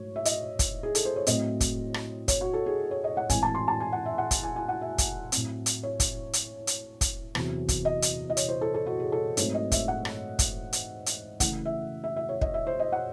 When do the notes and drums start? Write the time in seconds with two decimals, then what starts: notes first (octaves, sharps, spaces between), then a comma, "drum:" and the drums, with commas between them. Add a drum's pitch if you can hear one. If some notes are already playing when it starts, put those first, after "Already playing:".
Already playing: G#2 F#3 A3 C#5
0.16 E5
0.25 D#5, drum: hi-hat
0.59 drum: kick, hi-hat
0.83 G#4
0.95 A4, drum: hi-hat
1.05 C5
1.16 C#5
1.27 A2 F#3 A3 C4 D#5, drum: hi-hat
1.61 drum: kick, hi-hat
1.94 drum: rim click
2.28 C#5, drum: kick, hi-hat
2.41 F#4
2.54 A4
2.66 G#4
2.91 C#5
3.04 D#5
3.17 F#5
3.30 A2 E3 G#3 C4 G#5, drum: kick, hi-hat
3.43 A5
3.55 C6
3.68 A5
3.80 G#5
3.93 F#5
4.06 E5
4.18 F#5
4.31 drum: kick, hi-hat
4.43 G#5
4.56 G#5
4.69 F#5
4.82 E5
4.98 drum: kick, hi-hat
5.32 A2 F#3 C4, drum: hi-hat
5.66 drum: hi-hat
5.83 C#5
6.00 drum: kick, hi-hat
6.33 drum: hi-hat
6.67 drum: hi-hat
7.01 drum: kick, hi-hat
7.35 E2 C3 F#3, drum: rim click
7.69 drum: kick, hi-hat
7.85 D#5
8.02 drum: hi-hat
8.30 D#5
8.37 C#5, drum: hi-hat
8.49 C5
8.61 A4
8.74 A4
8.86 F#4
9.00 G#4
9.12 A4
9.37 G#2 F#3 A3 C4 C#5, drum: hi-hat
9.54 D#5
9.72 E5, drum: kick, hi-hat
9.88 F#5
10.05 drum: rim click
10.39 drum: kick, hi-hat
10.73 drum: hi-hat
11.06 drum: hi-hat
11.40 C#3 E3 A3 F#5, drum: kick, hi-hat
11.65 E5
12.04 E5
12.16 E5
12.29 C#5
12.41 D#5, drum: kick
12.54 E5
12.67 C5
12.80 D#5
12.92 F#5